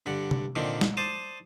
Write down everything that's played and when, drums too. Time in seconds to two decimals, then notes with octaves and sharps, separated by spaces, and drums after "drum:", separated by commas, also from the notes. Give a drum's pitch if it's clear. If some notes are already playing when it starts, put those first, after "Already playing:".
0.06 G2 D3 F#5
0.31 drum: tom C3
0.56 A#2 D3 D#3 C4
0.81 drum: snare
0.97 C5 D5 A5 D#6